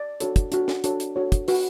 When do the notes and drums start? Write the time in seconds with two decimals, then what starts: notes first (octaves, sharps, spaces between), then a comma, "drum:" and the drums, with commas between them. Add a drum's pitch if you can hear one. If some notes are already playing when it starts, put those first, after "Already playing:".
Already playing: D5
0.20 D4 F#4 A4 C#5, drum: hi-hat
0.36 drum: kick, hi-hat
0.52 D4 F#4 A4 C#5, drum: hi-hat
0.68 drum: snare
0.84 D4 F#4 A4 C#5, drum: hi-hat
1.00 drum: hi-hat
1.16 D4 F#4 A4 C#5
1.32 drum: kick, hi-hat
1.48 F#4 B4, drum: open hi-hat